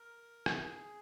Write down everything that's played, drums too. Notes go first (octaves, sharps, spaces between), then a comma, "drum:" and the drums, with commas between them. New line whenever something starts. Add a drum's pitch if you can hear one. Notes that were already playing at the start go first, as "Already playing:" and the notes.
Already playing: A#4
G#4, drum: rim click